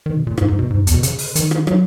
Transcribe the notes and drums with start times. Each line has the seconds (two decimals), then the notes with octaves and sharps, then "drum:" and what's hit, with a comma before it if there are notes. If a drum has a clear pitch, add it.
0.06 D#3
0.16 B2
0.27 A#2
0.38 G#2, drum: rim click
0.48 G#2
0.59 B2
0.70 G#2
0.78 F#2
0.87 E2, drum: hi-hat
0.94 B2
1.03 C#3, drum: hi-hat
1.19 drum: open hi-hat
1.35 D#3, drum: hi-hat
1.51 drum: rim click
1.67 F#3, drum: rim click